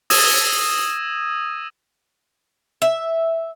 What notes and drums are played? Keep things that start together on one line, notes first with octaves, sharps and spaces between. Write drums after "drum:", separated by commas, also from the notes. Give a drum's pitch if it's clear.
D#6 E6 G#6 A#6 D#7 E7, drum: open hi-hat
E5